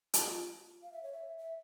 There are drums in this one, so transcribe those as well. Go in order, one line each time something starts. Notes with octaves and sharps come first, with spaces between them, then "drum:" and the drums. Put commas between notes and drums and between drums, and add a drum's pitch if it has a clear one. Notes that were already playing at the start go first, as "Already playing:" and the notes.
drum: hi-hat
G4
F4
F5
E5
C#5
E5
E5